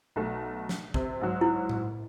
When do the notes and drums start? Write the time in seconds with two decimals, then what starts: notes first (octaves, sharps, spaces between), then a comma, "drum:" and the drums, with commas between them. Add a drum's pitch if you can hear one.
0.16 B1 A3
0.69 drum: snare
0.94 C3, drum: kick G#1
1.21 G#2 F#3
1.41 E4
1.69 drum: tom A2